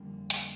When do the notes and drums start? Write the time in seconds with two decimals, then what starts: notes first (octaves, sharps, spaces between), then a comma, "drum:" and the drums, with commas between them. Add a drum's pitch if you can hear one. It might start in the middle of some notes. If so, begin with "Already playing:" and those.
Already playing: F2 D3 G3 A#3
0.30 G5, drum: hi-hat